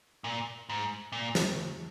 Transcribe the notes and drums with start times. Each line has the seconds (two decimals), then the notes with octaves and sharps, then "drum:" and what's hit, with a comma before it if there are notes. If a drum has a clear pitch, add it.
0.24 A#2
0.69 G#2
1.12 A#2
1.35 drum: snare